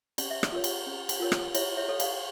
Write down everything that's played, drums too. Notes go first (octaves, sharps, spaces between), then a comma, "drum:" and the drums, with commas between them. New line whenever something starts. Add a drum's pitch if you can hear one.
C#4 D5, drum: cymbal
E5
D5, drum: rim click
F4 A#4 C#5
drum: cymbal
C#4
drum: cymbal
F4 A#4 C#5
drum: rim click
E4 C#5 E5, drum: cymbal
C#5 E5
A4 C#5
D5 F5, drum: cymbal